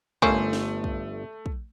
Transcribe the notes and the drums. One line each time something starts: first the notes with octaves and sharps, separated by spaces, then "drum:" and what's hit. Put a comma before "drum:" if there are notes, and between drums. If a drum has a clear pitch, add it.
G1 A3 A#3 C#4 C5, drum: kick
drum: snare
drum: kick
drum: kick